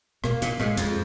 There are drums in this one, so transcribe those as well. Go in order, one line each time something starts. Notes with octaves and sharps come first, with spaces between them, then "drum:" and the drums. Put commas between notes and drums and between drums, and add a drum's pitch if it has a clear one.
B2 A#3, drum: rim click
A#2, drum: hi-hat
A2 G#3, drum: rim click
F2, drum: hi-hat
F3